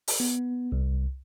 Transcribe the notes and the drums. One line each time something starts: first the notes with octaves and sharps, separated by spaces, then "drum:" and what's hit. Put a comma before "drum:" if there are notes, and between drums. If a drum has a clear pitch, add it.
drum: open hi-hat
B3
C2